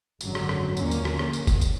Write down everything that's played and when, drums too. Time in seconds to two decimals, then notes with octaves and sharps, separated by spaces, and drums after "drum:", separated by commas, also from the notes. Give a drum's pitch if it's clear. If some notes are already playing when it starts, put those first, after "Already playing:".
0.21 G#1 F#2 D3 F#3, drum: tambourine
0.35 drum: rim click
0.49 drum: rim click
0.77 D#2 D3 F3 A#3 C#4, drum: tambourine
0.91 drum: tambourine
1.05 drum: rim click
1.19 drum: rim click
1.33 drum: tambourine
1.47 drum: kick F#1, tambourine
1.61 drum: tambourine